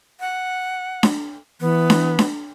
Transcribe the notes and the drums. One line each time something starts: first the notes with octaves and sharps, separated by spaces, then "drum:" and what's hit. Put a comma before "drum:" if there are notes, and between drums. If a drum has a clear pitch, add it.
F#5
drum: snare D4
E3 B3
drum: snare D4
drum: snare D4